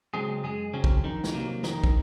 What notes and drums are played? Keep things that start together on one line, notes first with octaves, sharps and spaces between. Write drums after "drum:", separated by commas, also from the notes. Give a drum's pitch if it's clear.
C#3 F#3 G#3 C4 G#4
F#2 G#3 G#4
C#3 F#3 C4 C#4
drum: kick
F2 D#3 D#4
drum: snare
C3 F#3 A#3
F2 D#3 D#4, drum: snare
drum: kick